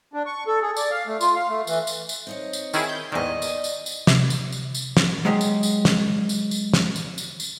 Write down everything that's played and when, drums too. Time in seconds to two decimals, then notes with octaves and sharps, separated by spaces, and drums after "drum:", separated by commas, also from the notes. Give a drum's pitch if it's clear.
0.13 D4
0.26 C#6
0.47 A4
0.62 G#4
0.76 D5, drum: tambourine
0.91 F5
1.07 A3
1.21 F4, drum: tambourine
1.35 F5
1.49 A3
1.67 E3, drum: tambourine
1.87 drum: tambourine
2.09 drum: tambourine
2.27 C4 D#4 C#5
2.53 drum: tambourine
2.74 D#3 E4 G#4, drum: tambourine
2.89 G6
3.12 E2 G#2 D#3 D5 D#5
3.42 drum: tambourine
3.64 drum: tambourine
3.86 drum: tambourine
4.07 C3, drum: snare
4.30 drum: tambourine
4.52 drum: tambourine
4.74 drum: tambourine
4.97 drum: snare
5.25 F#3 G#3 G4 G#4
5.41 drum: tambourine
5.63 drum: tambourine
5.85 drum: snare
6.29 drum: tambourine
6.51 drum: tambourine
6.73 drum: snare
6.96 drum: tambourine
7.18 drum: tambourine
7.40 drum: tambourine